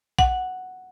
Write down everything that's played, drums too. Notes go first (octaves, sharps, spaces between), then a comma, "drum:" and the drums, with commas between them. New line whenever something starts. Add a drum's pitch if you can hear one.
F#5, drum: kick